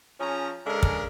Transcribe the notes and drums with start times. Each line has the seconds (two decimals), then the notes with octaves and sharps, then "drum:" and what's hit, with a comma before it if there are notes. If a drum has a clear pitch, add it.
0.20 F3 C#4 G#4 C#5 A#5
0.66 C#3 G#3 D4 A4 A#4
0.83 drum: kick